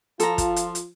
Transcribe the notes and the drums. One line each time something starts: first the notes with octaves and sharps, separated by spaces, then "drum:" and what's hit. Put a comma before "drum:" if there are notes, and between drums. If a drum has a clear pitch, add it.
F3 F4 A4 A#5, drum: hi-hat
drum: kick, hi-hat
drum: hi-hat
drum: hi-hat